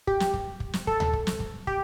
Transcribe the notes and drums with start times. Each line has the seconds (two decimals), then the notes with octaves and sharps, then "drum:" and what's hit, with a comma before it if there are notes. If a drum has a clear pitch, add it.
0.07 G4, drum: kick
0.20 drum: snare
0.34 drum: kick
0.60 drum: kick
0.73 drum: snare
0.87 A4, drum: kick
1.00 drum: tom D2
1.13 drum: kick
1.27 drum: snare
1.40 drum: kick
1.67 G4, drum: kick